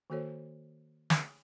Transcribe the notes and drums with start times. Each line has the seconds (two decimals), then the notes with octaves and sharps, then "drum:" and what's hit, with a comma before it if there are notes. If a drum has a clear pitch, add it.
0.10 D#3 A#3 F#4 A4 C5 C#5
1.10 drum: snare